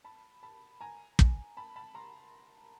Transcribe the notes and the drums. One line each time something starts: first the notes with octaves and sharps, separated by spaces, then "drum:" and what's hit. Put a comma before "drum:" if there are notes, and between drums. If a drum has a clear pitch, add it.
A5 B5
A5 B5
G#5 A#5
drum: kick
A5 B5
A5 B5
A#5 C6